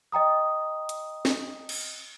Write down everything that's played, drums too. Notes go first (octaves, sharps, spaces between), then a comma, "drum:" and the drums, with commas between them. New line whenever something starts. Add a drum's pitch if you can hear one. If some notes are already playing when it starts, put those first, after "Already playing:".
D#5 G5 A#5 D#6
drum: hi-hat
drum: snare
drum: cymbal